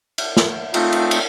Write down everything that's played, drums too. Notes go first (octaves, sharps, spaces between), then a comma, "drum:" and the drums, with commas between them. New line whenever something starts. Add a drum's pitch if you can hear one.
drum: cymbal
drum: snare
A3 C4 D#4 F4, drum: cymbal
drum: cymbal
drum: cymbal